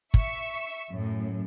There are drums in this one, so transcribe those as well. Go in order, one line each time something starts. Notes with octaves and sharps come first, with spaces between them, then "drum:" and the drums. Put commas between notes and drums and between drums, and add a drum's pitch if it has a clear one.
E5 C#6, drum: kick
F#2 A2